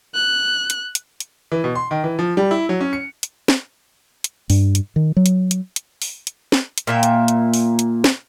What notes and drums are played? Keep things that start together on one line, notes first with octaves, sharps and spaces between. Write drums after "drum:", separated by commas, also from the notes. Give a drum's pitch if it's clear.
F#6
drum: hi-hat
drum: hi-hat
drum: hi-hat
E3
B2
C6
D#3
E3
F3
G3
E4
F#3
C#4
C#7
drum: hi-hat
drum: snare
drum: hi-hat
G2, drum: open hi-hat
drum: hi-hat
D#3
F#3
drum: hi-hat
drum: hi-hat
drum: hi-hat
drum: open hi-hat
drum: hi-hat
drum: snare
drum: hi-hat
A#2 A#3 E5 G5
drum: hi-hat
drum: hi-hat
drum: open hi-hat
drum: hi-hat
drum: snare